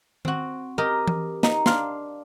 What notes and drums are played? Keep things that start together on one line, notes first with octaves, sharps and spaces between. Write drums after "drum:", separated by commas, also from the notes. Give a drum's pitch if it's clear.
C4 F#4, drum: tom D#3
G4 A#4 D#5
drum: tom E3
D#4, drum: snare
D4 F5 C6, drum: snare